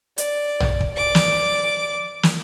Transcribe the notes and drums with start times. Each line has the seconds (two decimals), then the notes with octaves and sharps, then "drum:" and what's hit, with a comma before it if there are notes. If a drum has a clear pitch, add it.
0.18 D5, drum: hi-hat
0.60 drum: tom A#1
0.81 drum: kick
0.94 D5 D6
1.15 drum: snare
2.23 drum: snare